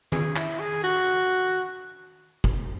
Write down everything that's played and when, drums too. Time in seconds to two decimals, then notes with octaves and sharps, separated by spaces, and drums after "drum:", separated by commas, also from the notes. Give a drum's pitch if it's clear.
0.12 G#4, drum: tom D#3
0.36 E4, drum: clap
0.59 G#4
0.83 F#4
2.44 drum: kick